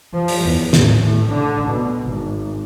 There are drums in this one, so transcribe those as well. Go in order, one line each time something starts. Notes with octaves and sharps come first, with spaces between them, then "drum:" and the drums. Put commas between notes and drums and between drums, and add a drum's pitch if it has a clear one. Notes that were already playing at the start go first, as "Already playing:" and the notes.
F3
drum: open hi-hat
E2
A1, drum: snare
A2
D3
B2
G#1